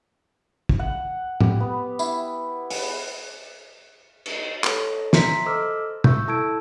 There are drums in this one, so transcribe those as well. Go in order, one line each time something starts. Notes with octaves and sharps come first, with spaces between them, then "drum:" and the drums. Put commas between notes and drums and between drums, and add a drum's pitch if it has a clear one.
drum: kick
F#5
G4, drum: tom
B3
E4, drum: tambourine
G#5, drum: open hi-hat
drum: cymbal
A4 C#5, drum: clap
E5 A#5 C6 B6, drum: snare
A4 C5 D#5 D6 E6 F6
E5 C#6 E6 G6, drum: tom
E4 A4 A5 E6 G#6 D7